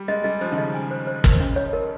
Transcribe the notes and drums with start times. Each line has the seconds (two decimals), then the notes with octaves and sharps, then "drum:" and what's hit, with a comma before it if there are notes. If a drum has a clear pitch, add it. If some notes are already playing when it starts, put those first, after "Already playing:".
Already playing: G3
0.08 G#3 D#5
0.24 G3 D#5
0.41 F3 C5
0.52 D#3
0.58 C#3 D#5
0.74 G#5
0.91 C5
1.07 C5
1.24 A#4, drum: kick
1.40 C#4
1.56 C#5
1.73 A#4